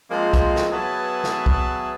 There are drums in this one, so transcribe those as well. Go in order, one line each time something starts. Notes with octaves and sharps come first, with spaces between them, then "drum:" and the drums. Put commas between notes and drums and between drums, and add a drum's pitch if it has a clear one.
F3 G#3 A#3 C4
drum: kick, hi-hat
drum: snare
F#3 B3 G#4 B4 E5 A5
drum: snare
drum: kick